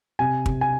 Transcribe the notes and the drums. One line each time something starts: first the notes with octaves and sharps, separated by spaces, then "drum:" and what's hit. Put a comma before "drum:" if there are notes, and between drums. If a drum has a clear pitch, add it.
C3 G#5
C3, drum: kick
G#5